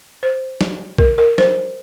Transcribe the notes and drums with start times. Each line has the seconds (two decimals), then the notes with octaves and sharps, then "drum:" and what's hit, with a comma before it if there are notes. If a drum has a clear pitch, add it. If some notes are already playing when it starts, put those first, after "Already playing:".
0.23 C5
0.61 drum: snare
0.98 A#4, drum: kick
1.18 A#4
1.38 C5, drum: snare